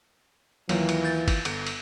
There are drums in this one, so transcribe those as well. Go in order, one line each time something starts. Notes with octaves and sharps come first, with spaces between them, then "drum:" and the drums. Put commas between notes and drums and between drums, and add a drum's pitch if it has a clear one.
D#2 E3 F#3 F4, drum: cymbal
drum: cymbal
G6 A6
drum: kick G1, cymbal
G1, drum: cymbal
drum: cymbal